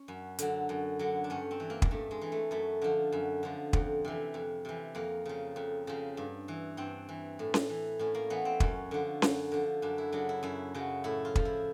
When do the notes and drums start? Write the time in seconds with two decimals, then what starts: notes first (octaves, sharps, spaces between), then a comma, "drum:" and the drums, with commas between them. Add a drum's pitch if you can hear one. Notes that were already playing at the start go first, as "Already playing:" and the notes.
Already playing: C#4
0.08 F#2
0.39 D3 F#3, drum: hi-hat
0.69 F#2
0.99 D3 F#3
1.24 D4
1.30 G2 C#4
1.51 C4
1.60 E3
1.70 A#3
1.82 A#3, drum: kick
1.91 G2 A3
2.11 G#3
2.21 E3
2.32 A3
2.51 F#2 A3
2.82 D3 F3
3.12 F#2
3.43 D3 F3
3.73 F2, drum: kick
4.05 C3 E3
4.34 F2
4.65 C3 E3
4.95 F2 A#3
5.26 C#3 F3
5.56 F2
5.87 C#3 F3
6.17 G2
6.48 E3
6.77 G2 C4
7.09 E3
7.39 A2
7.54 drum: snare C#4
7.69 E3
7.99 A2 C#4
8.15 A#3
8.30 E3 B3
8.45 C4
8.60 F#2 C#4, drum: kick
8.91 D3 F3
9.22 F#2, drum: snare C#4
9.52 D3 F3
9.82 F#2 D4
9.98 E4
10.12 C#3 F#3 D4
10.29 E4
10.43 F#2 E4
10.74 C#3 F#3
11.04 A2 E4
11.25 F4
11.35 F3, drum: kick
11.45 E4